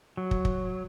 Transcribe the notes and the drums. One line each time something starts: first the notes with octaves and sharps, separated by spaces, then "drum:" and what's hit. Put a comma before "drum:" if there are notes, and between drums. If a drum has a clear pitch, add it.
F#3
drum: kick
drum: kick